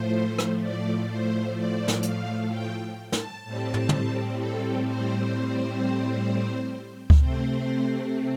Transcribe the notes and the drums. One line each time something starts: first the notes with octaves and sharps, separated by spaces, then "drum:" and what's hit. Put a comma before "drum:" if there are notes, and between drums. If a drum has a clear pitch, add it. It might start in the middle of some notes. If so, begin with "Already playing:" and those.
Already playing: A2 F3 A3 C5
drum: rim click
D5
C5
D5
drum: snare
F5, drum: hi-hat
G5
A5, drum: snare
A2 G3 C4 A5
drum: tom
drum: tom
A4
C5
drum: kick C#2
C3 A3 C4 C5